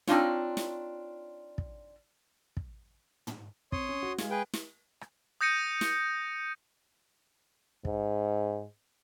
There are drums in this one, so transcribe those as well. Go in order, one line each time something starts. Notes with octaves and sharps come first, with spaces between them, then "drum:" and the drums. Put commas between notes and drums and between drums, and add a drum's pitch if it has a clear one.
C4 D4 D#4 F4 C#5, drum: snare
drum: snare
drum: kick
drum: kick
drum: tom
C4 C#5 C6 D#6, drum: kick
C#4
F#4
G#3 F5 G#6, drum: snare
G#4 B4 G5
drum: snare
drum: rim click
D#6 G6 A#6 C#7 D#7
drum: snare
G#2, drum: kick